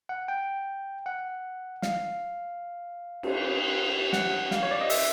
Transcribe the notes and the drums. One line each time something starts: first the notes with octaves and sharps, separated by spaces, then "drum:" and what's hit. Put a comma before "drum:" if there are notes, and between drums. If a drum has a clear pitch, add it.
F#5
G5
F#5
F5, drum: snare
drum: cymbal
F#5, drum: snare
F5, drum: snare
C#5
D5
D#5
E5, drum: open hi-hat